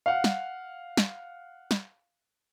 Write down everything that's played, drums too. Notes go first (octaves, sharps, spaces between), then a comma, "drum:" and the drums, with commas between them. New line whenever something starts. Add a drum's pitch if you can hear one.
F5 F#5
drum: snare
drum: snare
drum: snare